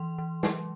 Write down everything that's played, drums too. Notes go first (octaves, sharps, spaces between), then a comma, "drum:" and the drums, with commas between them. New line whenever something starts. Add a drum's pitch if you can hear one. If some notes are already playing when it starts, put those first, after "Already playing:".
Already playing: E3 C6
E3
F#3, drum: snare